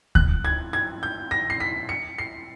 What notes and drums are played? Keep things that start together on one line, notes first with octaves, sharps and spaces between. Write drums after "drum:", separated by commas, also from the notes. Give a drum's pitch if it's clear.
F#6, drum: kick D2
G#6
G#6
G6
A#6
C7
B6
C#7
C7